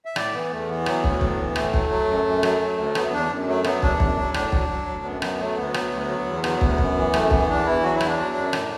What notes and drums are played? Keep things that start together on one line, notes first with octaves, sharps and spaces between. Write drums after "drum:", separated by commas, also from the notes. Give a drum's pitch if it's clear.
E5
A2 D5, drum: rim click
E3 B3
E2 A3
E3 B3
F#3, drum: rim click
D2, drum: kick
A2, drum: kick
E3
A2 A3, drum: rim click
F#3, drum: kick
F#3
F#2
F#2
F#3, drum: rim click
F#3
D2
F#3 B3, drum: rim click
E2 D4
F#2
F#3 A3
F#3 B3, drum: rim click
E2 D4, drum: kick
F#2, drum: kick
F#3
A2 D4, drum: rim click
F#3, drum: kick
F#3
D2
F#2 B3
F#3 B3, drum: rim click
F#3 A3
D2 B3
F#3, drum: rim click
D2
F#3
E2
F#3 B3, drum: rim click
D2, drum: kick
F#2, drum: kick
E3
F#2 A3, drum: rim click
E3 B3, drum: kick
E2 D4
E3 E4
F#3 F#4
E4
E2, drum: rim click
D4
F#3
F#2
A2, drum: rim click